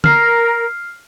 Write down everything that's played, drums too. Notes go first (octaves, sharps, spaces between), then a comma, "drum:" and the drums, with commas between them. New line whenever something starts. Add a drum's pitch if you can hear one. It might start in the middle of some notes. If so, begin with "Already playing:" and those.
A#4 F6 C7, drum: tom D3